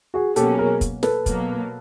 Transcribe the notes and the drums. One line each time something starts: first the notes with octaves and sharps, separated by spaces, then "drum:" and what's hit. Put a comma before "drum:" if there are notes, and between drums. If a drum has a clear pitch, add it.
F#4 G#4
B2 F#3 A#3 C#4 F#4 G4 A4, drum: hi-hat
G#4 A#4
drum: kick, hi-hat
A4 B4, drum: snare
B2 F#3 A#3, drum: kick, hi-hat